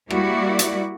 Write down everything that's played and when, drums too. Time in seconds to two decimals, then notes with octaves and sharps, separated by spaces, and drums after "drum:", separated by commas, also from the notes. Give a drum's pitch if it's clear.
0.10 G3 A#3 E4 F#4 D5, drum: rim click
0.59 drum: hi-hat